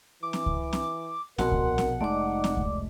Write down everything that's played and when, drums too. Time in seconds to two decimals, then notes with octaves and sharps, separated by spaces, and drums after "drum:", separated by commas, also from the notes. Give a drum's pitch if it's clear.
0.23 E3 D6
0.33 drum: snare C4
0.46 drum: kick C#2
0.73 drum: snare C4
1.38 A#1 B2 F#4 A#4 F#5 C6, drum: snare C4
1.52 drum: kick C#2
1.78 drum: snare C4
2.01 F1 G#3 A3 D#4 D5 D6
2.44 drum: snare C4
2.57 drum: kick C#2